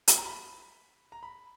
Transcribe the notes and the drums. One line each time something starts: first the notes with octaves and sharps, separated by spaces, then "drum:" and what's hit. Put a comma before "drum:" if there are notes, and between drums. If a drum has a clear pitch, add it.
B5, drum: hi-hat
A#5
B5
A#5
B5